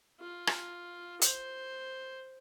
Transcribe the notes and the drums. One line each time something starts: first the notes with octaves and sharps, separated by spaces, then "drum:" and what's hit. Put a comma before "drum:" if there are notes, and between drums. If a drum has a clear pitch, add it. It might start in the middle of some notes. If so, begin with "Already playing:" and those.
F4
drum: rim click
C5, drum: hi-hat